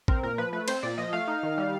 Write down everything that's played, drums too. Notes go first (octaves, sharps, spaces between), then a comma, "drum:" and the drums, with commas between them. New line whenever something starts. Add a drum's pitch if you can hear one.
C4 A#4, drum: kick
A#2 A#4
F3 B4
A3 B4
C4 C5, drum: cymbal
A#2 D5
F3 D#5
A3 F5
D#4
D#3
G3